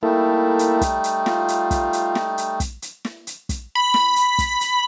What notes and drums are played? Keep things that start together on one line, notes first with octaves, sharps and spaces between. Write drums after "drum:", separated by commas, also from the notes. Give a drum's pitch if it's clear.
G3 A3 A#3 D#4 E4 A4
drum: hi-hat
drum: kick, hi-hat
drum: hi-hat
F4, drum: snare
drum: hi-hat
drum: kick, hi-hat
drum: hi-hat
drum: snare
drum: hi-hat
drum: kick, hi-hat
drum: hi-hat
drum: snare
drum: hi-hat
drum: kick, hi-hat
B5
drum: snare
drum: hi-hat
drum: kick, hi-hat
drum: hi-hat